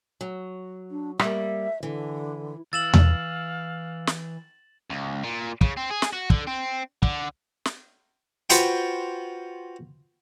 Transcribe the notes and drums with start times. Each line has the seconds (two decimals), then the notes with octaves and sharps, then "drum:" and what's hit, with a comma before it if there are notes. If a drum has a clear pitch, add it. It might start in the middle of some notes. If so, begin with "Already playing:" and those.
0.21 F#3
0.91 D4
1.19 G3 A#3 E5, drum: rim click
1.83 D3 E3
2.73 E3 F5 E6 A6 E7 F#7
2.94 drum: tom E2
4.07 drum: snare
4.90 C#2
5.24 A#2
5.61 C#3, drum: kick
5.77 C4
5.90 G#4
6.02 drum: snare
6.13 F#4
6.30 D3, drum: kick
6.47 C4
7.02 D3, drum: kick
7.65 drum: snare
8.50 F4 F#4 B4 C5 F#5 G5, drum: hi-hat